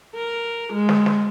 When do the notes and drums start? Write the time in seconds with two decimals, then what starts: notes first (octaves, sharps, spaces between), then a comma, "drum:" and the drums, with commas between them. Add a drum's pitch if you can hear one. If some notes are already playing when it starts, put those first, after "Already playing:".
0.15 A#4
0.73 G#3
0.89 drum: snare
1.06 drum: snare